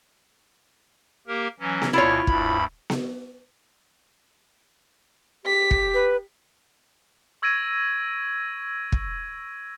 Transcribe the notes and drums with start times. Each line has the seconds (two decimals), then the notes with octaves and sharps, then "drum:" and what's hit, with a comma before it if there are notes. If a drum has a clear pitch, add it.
1.28 A#3 G4 A#4
1.60 E3 F#3 C#4
1.82 drum: snare B3
1.93 D2 B2 E4 F4 C#5
2.27 D2 G2 B5, drum: kick
2.90 drum: snare B3
5.46 G4 B6
5.71 drum: kick
5.94 B4
7.42 C#6 E6 G#6 A#6 D7 D#7
8.92 drum: kick